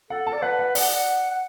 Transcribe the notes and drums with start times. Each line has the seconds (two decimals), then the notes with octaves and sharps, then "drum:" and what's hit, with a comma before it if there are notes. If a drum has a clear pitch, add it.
0.10 A4 F#5
0.27 A5
0.33 D5
0.42 B4 F#5
0.59 F#5
0.75 D5 F#5, drum: open hi-hat
0.95 F#5
1.31 F#5